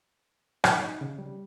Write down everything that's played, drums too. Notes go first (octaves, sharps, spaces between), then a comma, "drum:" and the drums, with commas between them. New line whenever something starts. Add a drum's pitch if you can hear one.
F#4, drum: rim click
D#4
C#3
G3